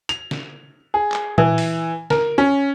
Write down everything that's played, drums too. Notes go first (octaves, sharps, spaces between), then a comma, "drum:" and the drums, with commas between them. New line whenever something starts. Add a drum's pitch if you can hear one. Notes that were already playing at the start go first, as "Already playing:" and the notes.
F7, drum: hi-hat
drum: snare
G#4
drum: clap
E3, drum: tom A#2
drum: open hi-hat
A#4, drum: snare
C#4